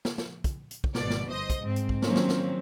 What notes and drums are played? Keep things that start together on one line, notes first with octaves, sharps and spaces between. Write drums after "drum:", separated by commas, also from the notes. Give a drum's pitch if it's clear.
drum: snare
drum: snare
drum: kick, hi-hat
drum: hi-hat
drum: kick
G#1 B2 D5, drum: snare
drum: snare
G1 C5 D#5 D#6
drum: kick, hi-hat
G#2 C4
drum: hi-hat
drum: kick
D#3 F3 F#3 A#3 C4 C#4, drum: snare
drum: snare
drum: snare